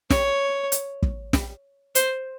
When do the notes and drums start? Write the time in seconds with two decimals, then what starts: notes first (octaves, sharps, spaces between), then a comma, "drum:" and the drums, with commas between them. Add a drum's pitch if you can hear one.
0.10 C#5, drum: snare
0.72 drum: hi-hat
1.02 drum: kick
1.33 drum: snare
1.95 C5, drum: hi-hat